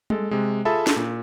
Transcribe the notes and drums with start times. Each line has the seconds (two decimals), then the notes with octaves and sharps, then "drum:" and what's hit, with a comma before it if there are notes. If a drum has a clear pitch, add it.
0.10 G#3 A4, drum: tom G3
0.31 C3 G#3
0.65 F4 G#4 A4 E5 A5 B5
0.87 drum: snare
0.96 A#2